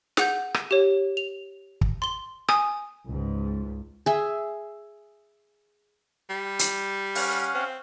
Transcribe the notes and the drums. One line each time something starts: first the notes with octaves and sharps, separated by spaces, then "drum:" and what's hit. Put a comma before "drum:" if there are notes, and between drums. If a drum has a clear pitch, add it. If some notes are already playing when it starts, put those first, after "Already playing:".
G#4 F#5 G6, drum: snare
drum: rim click
G4 C#5
F7
drum: kick
C6 G7
G#5 D#6, drum: rim click
C#2 G#2
G#4 E5
G3
drum: hi-hat
C#4 F5 F#5, drum: open hi-hat
C4